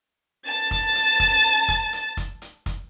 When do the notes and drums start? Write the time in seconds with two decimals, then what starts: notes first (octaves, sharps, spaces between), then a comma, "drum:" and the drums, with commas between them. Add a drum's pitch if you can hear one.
0.47 A5 A6
0.71 drum: kick, hi-hat
0.95 drum: hi-hat
1.20 drum: kick, hi-hat
1.68 drum: kick, hi-hat
1.93 drum: hi-hat
2.17 drum: kick, hi-hat
2.42 drum: hi-hat
2.66 drum: kick, hi-hat